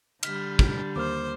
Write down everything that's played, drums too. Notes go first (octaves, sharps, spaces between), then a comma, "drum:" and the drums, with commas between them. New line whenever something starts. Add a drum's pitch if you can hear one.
D3 G3 F6 B6, drum: cymbal
drum: kick
D#2 A#3 C5 D6 F6